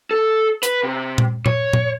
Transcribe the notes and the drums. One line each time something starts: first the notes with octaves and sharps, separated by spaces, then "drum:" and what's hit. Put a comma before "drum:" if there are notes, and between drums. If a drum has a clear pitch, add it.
A4
B4, drum: hi-hat
C3
drum: tom A#2
C#5, drum: tom A#2
drum: tom A#2